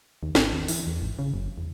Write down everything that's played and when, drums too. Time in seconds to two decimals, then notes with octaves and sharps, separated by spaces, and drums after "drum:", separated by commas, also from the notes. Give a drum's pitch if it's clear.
0.23 D#2
0.35 G#1, drum: snare
0.53 D#2
0.68 E3, drum: open hi-hat
0.87 E2
1.02 G#1
1.19 C#3
1.34 F#1
1.58 E2